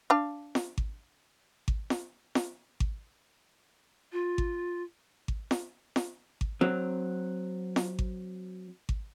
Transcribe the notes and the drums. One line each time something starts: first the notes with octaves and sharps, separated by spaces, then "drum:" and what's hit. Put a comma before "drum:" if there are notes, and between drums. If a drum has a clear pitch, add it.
D4 F5
drum: snare
drum: kick G#1
drum: kick G#1
drum: snare
drum: snare
drum: kick G#1
F4
drum: kick G#1
drum: kick G#1
drum: snare
drum: snare
drum: kick G#1
F#3 C4
drum: snare
drum: kick G#1
drum: kick G#1